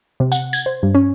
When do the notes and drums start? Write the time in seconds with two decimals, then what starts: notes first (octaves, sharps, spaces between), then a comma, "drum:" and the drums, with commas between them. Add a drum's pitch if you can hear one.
0.20 C3
0.32 F#5, drum: tambourine
0.53 G#6, drum: tambourine
0.66 C5
0.83 G2
0.95 C#4